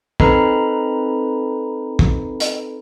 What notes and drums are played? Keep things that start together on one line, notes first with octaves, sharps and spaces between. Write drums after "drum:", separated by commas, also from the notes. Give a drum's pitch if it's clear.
C4 D#4 A4 B4 A#5 B5, drum: kick
drum: kick
drum: hi-hat